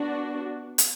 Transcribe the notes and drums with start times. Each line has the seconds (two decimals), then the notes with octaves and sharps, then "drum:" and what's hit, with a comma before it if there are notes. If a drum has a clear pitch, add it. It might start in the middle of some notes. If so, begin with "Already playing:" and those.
Already playing: B3 D4 F#4
0.78 drum: hi-hat